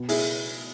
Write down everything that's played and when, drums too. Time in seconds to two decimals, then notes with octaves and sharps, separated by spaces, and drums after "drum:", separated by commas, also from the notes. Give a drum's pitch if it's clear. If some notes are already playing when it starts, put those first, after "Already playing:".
Already playing: B2
0.09 E4 G#4, drum: open hi-hat